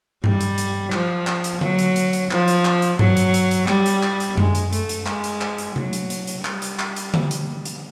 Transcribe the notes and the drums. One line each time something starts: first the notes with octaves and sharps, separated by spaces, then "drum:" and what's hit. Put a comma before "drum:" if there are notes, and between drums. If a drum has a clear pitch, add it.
G3, drum: tom G2
drum: hi-hat
drum: hi-hat
F3, drum: clap
drum: clap
drum: hi-hat
F#3, drum: tom D3
drum: hi-hat
drum: hi-hat
drum: hi-hat
F3, drum: clap
drum: hi-hat
drum: clap
drum: hi-hat
F#3, drum: tom G2
drum: hi-hat
drum: hi-hat
drum: hi-hat
G3, drum: clap
drum: hi-hat
drum: clap
drum: hi-hat
G#3, drum: tom F#2
drum: hi-hat
A3, drum: hi-hat
drum: hi-hat
G#3, drum: clap
drum: hi-hat
drum: clap
drum: hi-hat
F#3, drum: tom C3
drum: hi-hat
drum: hi-hat
drum: hi-hat
G3, drum: clap
drum: hi-hat
drum: clap
drum: hi-hat
drum: tom D3
drum: hi-hat
drum: hi-hat